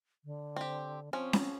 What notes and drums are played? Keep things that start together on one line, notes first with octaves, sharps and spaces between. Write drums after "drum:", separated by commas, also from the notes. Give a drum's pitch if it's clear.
D3
C4 G4
F3 C4 C#4
drum: snare C#4